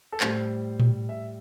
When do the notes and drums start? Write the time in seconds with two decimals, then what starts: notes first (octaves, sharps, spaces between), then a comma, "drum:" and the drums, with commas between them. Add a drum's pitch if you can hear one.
0.12 A4
0.20 A2 G3 C5, drum: clap
0.80 drum: tom A2
1.09 E5